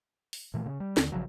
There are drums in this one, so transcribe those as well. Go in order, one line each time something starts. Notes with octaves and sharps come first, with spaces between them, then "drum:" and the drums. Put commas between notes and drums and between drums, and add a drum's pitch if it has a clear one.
drum: open hi-hat
A#2 E3 A3
C#3
G3
D#2 D3, drum: snare
A#1 C#3 F3 F#3